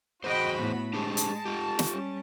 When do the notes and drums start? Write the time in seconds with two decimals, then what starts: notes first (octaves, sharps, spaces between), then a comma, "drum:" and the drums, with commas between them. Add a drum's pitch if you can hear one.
0.24 E2 F#4 G#4 C5 D#5 G5 B5
0.58 A2 B3
0.94 G#3 D4 G4 G#4 A5
1.17 drum: hi-hat
1.45 F4 G4
1.79 drum: snare
1.91 G3 C#4